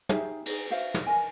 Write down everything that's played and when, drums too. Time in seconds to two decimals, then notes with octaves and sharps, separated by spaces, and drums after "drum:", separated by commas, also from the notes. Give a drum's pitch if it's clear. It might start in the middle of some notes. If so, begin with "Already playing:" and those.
0.09 D#4 G4 G#4 E5, drum: tom
0.46 D#4 G#4, drum: cymbal
0.70 F#4 C5 E5 F5
0.94 drum: snare
1.07 A#4 D#5 G#5